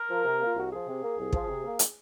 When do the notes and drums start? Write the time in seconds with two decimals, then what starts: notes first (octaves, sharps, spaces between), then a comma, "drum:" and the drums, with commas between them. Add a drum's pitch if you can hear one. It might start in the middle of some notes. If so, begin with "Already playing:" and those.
Already playing: A#4
0.09 F3
0.24 C3
0.40 A#3 F4
0.55 C2 F#4
0.70 F3 G#4
0.86 C3
1.02 A#3
1.17 C2
1.33 F3, drum: kick
1.48 C3
1.64 A#3
1.79 drum: hi-hat